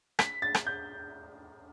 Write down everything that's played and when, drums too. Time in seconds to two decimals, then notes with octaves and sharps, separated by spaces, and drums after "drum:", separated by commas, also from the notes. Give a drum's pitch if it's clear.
0.19 B6, drum: rim click
0.42 A6
0.55 drum: rim click
0.67 G6